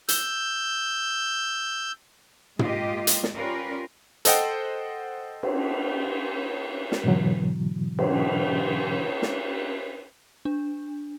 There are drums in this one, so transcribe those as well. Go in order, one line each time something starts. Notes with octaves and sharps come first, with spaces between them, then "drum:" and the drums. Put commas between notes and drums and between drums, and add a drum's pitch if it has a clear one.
E6 G6, drum: hi-hat
G#3 A#3 F4 G4 D#5, drum: tom
drum: hi-hat
drum: snare
C#4 F4 G4 A#4 B4 D5
A4 C5 D#5 F#5 G5, drum: hi-hat
drum: cymbal
drum: snare
G#2 B2 D3 E3 F#3
drum: cymbal
drum: snare
D4